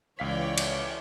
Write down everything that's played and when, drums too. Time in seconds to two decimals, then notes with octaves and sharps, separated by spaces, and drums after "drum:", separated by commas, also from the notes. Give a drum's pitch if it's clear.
0.19 C#2 E3 C#5 D5 F5 G5 B6
0.58 drum: cymbal